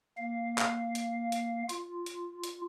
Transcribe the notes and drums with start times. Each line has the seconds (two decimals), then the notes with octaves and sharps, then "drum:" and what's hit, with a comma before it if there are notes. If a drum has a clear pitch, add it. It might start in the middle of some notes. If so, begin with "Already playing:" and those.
0.18 A#3 F5
0.58 drum: clap
0.95 drum: hi-hat
1.32 drum: hi-hat
1.69 F4, drum: hi-hat
2.06 drum: hi-hat
2.44 drum: hi-hat